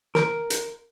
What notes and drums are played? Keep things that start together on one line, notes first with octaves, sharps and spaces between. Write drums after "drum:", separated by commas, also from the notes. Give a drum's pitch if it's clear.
A#4, drum: snare
drum: hi-hat